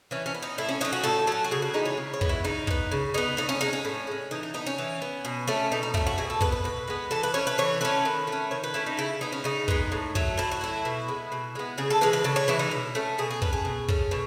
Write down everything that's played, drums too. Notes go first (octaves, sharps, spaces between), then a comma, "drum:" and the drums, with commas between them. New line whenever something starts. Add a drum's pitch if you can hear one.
E3 C#4
C#4
B3
D#4
A2 E4
C#4
F#3 C#4 D#4
F#4
A2 A4
F#3 C#4 A4
F#4
C#3 G#4
F#4
E3 G#3 B3 D#4
C#5
C#3
C#5
E3 G#3 B3, drum: kick
E4
C#3 D#4
G#3, drum: kick
B3
C#3
G#3 B3 D#4
A2 D#4
C#4
G#3 C#4 D#4
C#4
A2
G#3 C#4
E3 D#4
D#4
B3 D#4
C#4
E3
B3
B2
A3 C#4
B2 D#4
D#4
A3 C#4 E4, drum: kick
F#4
B2 G#4
A4
G#3 B4, drum: kick
B3
B4
B2 B4
G#3 B3
E3 A4
B4
A3 C#4 C#5
B4
E3 C#5
A3 C#4 B4
D#3
A3
C#4
D#3 C#5
B4
A3 C#4 E4
D#4
C#3 E4
G#3 B3 D#4
C#4
C#3 D#4
G#3 B3, drum: kick
A2
F#3 A3, drum: kick
A2 E4
F#4
F#3 A3 E4
B2
G#3 B3
B2
G#3 B3
C#3 G#4
A4
E3 G#3 B4
B4
C#3 A4
C#5
E3 G#3 E4
D#4
B2
A3 C#4
B2 G#4
G#4
A3 C#4 B4, drum: kick
G#4
B2
A3 C#4, drum: kick
B2